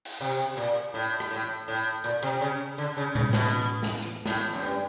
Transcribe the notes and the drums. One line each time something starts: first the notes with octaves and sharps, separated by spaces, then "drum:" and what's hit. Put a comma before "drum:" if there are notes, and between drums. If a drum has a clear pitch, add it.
drum: cymbal
C3
A#2
A2
drum: rim click
A2
A2
A#2
C3, drum: cymbal
C#3
D3
C#3
C#3, drum: tom A2
B2, drum: snare
drum: snare
drum: hi-hat
A2, drum: snare
F#2
G2